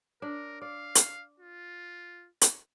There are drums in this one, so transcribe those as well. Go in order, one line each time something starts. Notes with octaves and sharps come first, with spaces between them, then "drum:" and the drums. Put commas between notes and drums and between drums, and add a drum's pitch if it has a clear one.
D4 A#4
D5 F5
drum: hi-hat
F4
drum: hi-hat